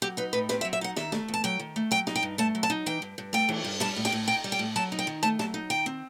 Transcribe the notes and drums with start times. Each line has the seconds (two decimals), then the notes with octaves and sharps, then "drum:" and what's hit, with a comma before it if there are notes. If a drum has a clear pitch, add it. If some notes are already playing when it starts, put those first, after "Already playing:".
0.02 F#3 G4
0.17 D#4 B4
0.33 A2 B4
0.49 C4 B4, drum: snare
0.61 E5
0.65 F#3
0.73 E5
0.81 D#4 F#5
0.96 D#3 E5, drum: snare
1.12 A3, drum: snare
1.28 E2
1.34 A5
1.44 F#3 G5
1.60 D#3
1.76 A3
1.91 F#3 G5
2.07 D#4, drum: snare
2.16 G5
2.23 G2
2.38 A3 A5
2.55 F#3
2.63 A5
2.70 D#4
2.86 E3 G5
3.02 G2
3.18 G2
3.33 A3 G5
3.49 E3, drum: cymbal
3.65 G2
3.80 G3 A5, drum: snare
3.96 A2
4.05 G5, drum: snare
4.13 A2
4.28 D#4 G5
4.44 G3
4.52 G5
4.59 A2
4.76 F#3 A5
4.92 D#4
4.99 G5
5.07 D#3
5.23 A3 A5
5.39 F#3 A5, drum: snare
5.54 D#4
5.70 D#3 G5
5.86 C4